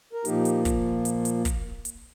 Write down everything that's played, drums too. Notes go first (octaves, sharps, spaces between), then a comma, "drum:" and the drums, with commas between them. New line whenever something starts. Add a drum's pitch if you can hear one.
A#4
A#2 F3 A#3 D#4 G4, drum: hi-hat
drum: hi-hat
drum: kick, hi-hat
drum: hi-hat
drum: hi-hat
drum: kick, hi-hat
drum: hi-hat